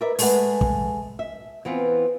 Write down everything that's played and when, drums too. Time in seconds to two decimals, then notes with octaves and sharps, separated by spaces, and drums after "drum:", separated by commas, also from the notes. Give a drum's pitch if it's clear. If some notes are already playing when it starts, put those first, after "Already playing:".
0.01 A#4 B4 D5 E5
0.19 G#3 A3 G#4 B4 E5 F#5, drum: open hi-hat
0.61 drum: kick
1.19 E5
1.65 E3 B3 C4 F4